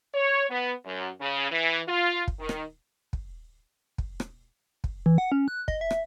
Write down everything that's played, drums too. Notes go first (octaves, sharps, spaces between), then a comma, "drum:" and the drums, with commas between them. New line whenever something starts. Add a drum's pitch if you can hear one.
C#5
B3
F#2
C#3
E3
F4
drum: kick
D#3
drum: rim click
drum: kick
drum: kick
drum: rim click
drum: kick
E3
F#5
C#4
F#6
D#5, drum: kick
E5
drum: rim click